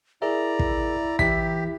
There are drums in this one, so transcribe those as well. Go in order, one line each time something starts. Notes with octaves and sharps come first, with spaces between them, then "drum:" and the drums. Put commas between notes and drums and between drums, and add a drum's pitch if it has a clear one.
E4 G#4 A#4 D5 E5 A#5
drum: kick
E3 G4 E5 B6, drum: kick